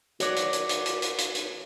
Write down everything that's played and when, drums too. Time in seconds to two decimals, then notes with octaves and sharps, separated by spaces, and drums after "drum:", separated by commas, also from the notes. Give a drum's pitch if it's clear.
0.20 F#4 C#5 D5, drum: hi-hat
0.36 drum: hi-hat
0.53 drum: hi-hat
0.69 drum: hi-hat
0.86 drum: hi-hat
1.02 drum: hi-hat
1.18 drum: hi-hat
1.35 drum: hi-hat